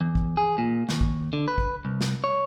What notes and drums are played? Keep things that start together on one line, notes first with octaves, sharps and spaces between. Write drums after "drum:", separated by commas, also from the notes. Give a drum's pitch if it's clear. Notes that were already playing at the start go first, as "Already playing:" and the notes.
E2
drum: kick
G#4
A#2
D#2, drum: snare
drum: kick
D3
B4
drum: kick
C2
drum: snare
C#5